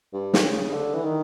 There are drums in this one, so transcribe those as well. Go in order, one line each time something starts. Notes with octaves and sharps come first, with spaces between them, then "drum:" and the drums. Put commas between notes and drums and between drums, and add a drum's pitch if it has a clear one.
G2
drum: snare
C#3
C#3
D3
E3
D#3